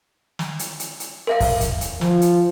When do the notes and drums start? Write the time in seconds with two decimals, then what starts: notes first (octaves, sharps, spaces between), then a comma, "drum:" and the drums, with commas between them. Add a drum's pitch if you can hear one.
0.39 drum: snare
0.59 drum: hi-hat
0.80 drum: hi-hat
1.00 drum: hi-hat
1.27 A#4 E5 F5
1.40 drum: kick, open hi-hat
1.61 drum: kick, hi-hat
1.81 drum: hi-hat
2.01 F3, drum: snare
2.21 drum: hi-hat